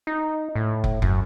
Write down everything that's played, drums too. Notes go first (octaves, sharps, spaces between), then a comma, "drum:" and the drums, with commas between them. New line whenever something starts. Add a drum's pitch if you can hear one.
D#4
A2
drum: kick
F#2, drum: kick